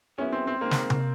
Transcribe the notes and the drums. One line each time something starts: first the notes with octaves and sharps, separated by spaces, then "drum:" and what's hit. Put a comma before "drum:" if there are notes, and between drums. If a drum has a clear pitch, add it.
A#2 F#3 B3 C#4 E4 G#4
C4
C4
D#3 G#3 A#3 C4 D#4
drum: snare
drum: tom C3